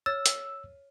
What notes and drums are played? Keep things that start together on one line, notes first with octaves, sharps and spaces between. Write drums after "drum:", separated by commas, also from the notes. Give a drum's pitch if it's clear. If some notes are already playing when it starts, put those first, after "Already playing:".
C#5 E6 F6 A6
drum: hi-hat